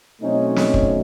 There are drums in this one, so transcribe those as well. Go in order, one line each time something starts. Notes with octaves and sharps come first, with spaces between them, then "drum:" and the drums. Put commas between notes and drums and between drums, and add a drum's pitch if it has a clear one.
B2 F#3 A3 C4 C#4 D#4
drum: snare
drum: kick